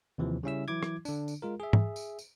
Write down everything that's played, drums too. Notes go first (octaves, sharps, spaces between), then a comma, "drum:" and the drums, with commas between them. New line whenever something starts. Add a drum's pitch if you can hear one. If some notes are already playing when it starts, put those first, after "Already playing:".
D#2 C3 E3 F3
C#3 G3 C#4 E4 E5 E6
E3 F#3 E4 D6 G#6
drum: rim click
D3 D4, drum: tambourine
drum: tambourine
G#3 F4 A#4
G#4 E5
drum: tom G#2
drum: tambourine
drum: tambourine